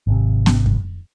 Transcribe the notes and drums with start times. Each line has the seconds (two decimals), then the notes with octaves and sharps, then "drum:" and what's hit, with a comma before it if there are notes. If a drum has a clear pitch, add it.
0.07 G#1 C3
0.46 drum: snare B3
0.66 drum: kick F#2